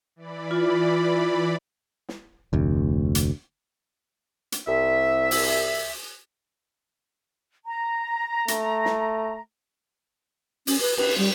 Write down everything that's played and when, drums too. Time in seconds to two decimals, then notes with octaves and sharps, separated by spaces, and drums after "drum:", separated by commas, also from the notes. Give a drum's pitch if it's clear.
0.16 E3 D5 B5
0.51 F4
2.09 drum: snare
2.53 F1 D2
3.15 drum: hi-hat
4.52 drum: hi-hat
4.68 C2 E5
5.31 drum: open hi-hat
7.65 A#5
8.48 A3, drum: hi-hat
8.85 drum: snare
10.67 C#4, drum: open hi-hat
10.81 B4
10.97 B4, drum: cymbal
11.18 G3